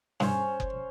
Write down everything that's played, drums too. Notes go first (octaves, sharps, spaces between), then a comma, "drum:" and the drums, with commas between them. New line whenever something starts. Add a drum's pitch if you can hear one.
G2 C#4 C5 C#5, drum: snare
drum: kick F#1